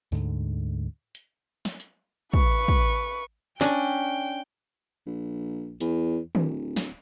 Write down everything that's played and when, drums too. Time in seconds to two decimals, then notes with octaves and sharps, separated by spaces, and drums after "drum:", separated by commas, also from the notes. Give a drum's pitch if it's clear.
0.12 D2 G#2 D3, drum: tambourine
1.15 drum: hi-hat
1.65 drum: snare
1.80 drum: hi-hat
2.34 B4 C#6, drum: kick
2.68 drum: kick
3.61 C#4 D4 G5 C#6, drum: clap
5.06 A#1
5.80 E2, drum: hi-hat
6.35 D1, drum: tom D#3
6.76 drum: snare